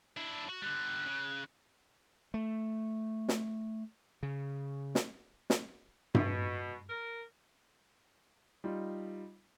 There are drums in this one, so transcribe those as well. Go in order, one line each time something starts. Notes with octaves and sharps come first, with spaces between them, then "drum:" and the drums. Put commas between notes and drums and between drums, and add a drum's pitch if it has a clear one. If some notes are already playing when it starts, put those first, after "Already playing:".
D4 E4
F#4
D3 G3 F#6
C#3
A3
drum: snare
C#3
drum: snare
drum: snare
B2, drum: tom G2
A#4
G3 D#4 F4